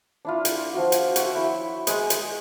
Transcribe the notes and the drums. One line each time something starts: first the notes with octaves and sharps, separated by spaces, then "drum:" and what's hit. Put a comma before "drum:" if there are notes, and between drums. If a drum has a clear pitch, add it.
D4 E4 F4
drum: hi-hat
F3 F4 F#4
drum: hi-hat
F#4 E5, drum: hi-hat
E4 C#5 G5
G#3 D#5 D#6, drum: hi-hat
drum: hi-hat